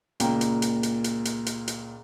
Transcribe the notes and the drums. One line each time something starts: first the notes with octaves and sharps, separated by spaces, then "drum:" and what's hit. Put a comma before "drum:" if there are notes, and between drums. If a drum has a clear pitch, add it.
C#2 A#2 A#3 G5 A#5, drum: hi-hat
drum: hi-hat
drum: hi-hat
drum: hi-hat
drum: hi-hat
drum: hi-hat
drum: hi-hat
drum: hi-hat